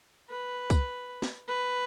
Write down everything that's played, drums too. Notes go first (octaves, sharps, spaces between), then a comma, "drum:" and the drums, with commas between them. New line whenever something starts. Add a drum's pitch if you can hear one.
B4
drum: kick, tambourine
drum: snare
B4